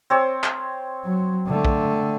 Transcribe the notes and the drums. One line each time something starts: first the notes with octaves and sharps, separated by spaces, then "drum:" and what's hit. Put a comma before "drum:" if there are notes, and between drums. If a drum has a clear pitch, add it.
C4 C#5 E6
drum: clap
F#3
D3 A3
drum: kick A#1